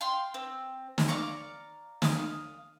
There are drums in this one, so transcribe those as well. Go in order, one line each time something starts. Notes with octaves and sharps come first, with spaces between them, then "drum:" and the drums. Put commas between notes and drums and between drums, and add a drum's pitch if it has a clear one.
F5 G5 C6
C4
drum: snare
D5 F5 A#5 C#6
F5 D#6, drum: snare